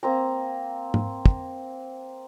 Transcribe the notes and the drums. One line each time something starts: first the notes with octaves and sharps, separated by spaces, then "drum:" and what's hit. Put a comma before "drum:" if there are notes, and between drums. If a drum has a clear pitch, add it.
A#3 C4 A#5
drum: tom G#2
drum: kick